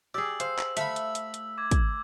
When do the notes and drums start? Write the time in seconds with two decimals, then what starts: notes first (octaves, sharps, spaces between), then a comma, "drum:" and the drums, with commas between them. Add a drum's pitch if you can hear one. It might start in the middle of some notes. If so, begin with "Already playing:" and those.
0.14 G4 G#4 D5 E6
0.40 C5 F5, drum: hi-hat
0.59 drum: clap
0.77 A3 E5 F5 B5, drum: hi-hat
0.96 drum: hi-hat
1.15 drum: hi-hat
1.34 drum: hi-hat
1.58 D6 G#6
1.71 drum: kick, hi-hat